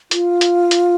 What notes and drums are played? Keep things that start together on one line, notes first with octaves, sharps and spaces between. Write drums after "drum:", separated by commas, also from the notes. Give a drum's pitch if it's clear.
F4, drum: hi-hat
drum: hi-hat
drum: hi-hat